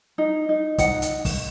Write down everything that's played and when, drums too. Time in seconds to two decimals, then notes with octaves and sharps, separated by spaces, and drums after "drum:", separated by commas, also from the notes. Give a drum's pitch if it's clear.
0.18 D#4
0.49 D#4
0.78 D#4 F#5, drum: kick, hi-hat
1.02 drum: hi-hat
1.25 drum: kick, open hi-hat